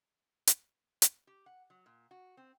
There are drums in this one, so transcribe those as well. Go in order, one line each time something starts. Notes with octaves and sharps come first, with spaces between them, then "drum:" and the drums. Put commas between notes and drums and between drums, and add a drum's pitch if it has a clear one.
drum: hi-hat
drum: hi-hat
G4
F#5
F#3
A#2
F#4
C4